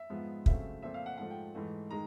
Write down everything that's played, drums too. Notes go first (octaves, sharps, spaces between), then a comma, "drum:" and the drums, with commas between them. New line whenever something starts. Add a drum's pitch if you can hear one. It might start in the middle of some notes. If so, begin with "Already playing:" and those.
Already playing: E5
G#2 F3 G#3 B3
C#3 F#3 A3 C4 E5, drum: kick
A#2 F3 A3 C4 E5
F5
F#5
G#2 F3 A3 F#5
G5
G#2 E3 A3
D#3 G#3 A#5